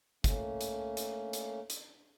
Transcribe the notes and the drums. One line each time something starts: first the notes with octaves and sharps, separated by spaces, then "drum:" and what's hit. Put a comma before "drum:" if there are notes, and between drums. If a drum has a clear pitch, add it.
A3 A#3 C#4, drum: kick, hi-hat
drum: hi-hat
drum: hi-hat
drum: hi-hat
drum: hi-hat